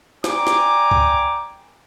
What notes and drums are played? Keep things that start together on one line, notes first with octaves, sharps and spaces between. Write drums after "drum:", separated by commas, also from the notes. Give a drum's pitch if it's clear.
D5 G5 G#5 A#5 C6 D6, drum: snare
drum: snare
drum: kick C2